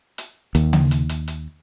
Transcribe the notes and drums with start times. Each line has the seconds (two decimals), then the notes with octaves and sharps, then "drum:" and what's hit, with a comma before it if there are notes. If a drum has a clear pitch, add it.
0.18 drum: hi-hat
0.55 D#2, drum: hi-hat
0.73 drum: tom C#3
0.91 drum: hi-hat
1.09 drum: hi-hat
1.28 drum: hi-hat